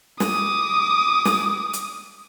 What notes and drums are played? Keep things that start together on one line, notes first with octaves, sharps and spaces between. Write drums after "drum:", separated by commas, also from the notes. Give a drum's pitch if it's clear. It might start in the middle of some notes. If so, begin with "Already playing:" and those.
D6 D#6, drum: snare
drum: snare
drum: hi-hat